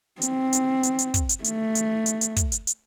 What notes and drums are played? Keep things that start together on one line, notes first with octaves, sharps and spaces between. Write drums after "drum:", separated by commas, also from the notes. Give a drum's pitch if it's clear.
C4, drum: hi-hat
drum: hi-hat
drum: hi-hat
drum: hi-hat
drum: kick, hi-hat
drum: hi-hat
A3, drum: hi-hat
drum: hi-hat
drum: hi-hat
drum: hi-hat
drum: kick, hi-hat
drum: hi-hat
drum: hi-hat